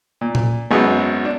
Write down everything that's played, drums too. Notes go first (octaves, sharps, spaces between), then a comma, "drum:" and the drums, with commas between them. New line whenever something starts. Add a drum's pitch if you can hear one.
A#2
drum: tom A#2
G#1 F#2 G#3 B3
D4